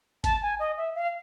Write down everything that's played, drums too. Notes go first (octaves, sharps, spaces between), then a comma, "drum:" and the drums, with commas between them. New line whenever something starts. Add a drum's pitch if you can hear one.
A5, drum: kick G#1, hi-hat
G#5
D#5
E5
F5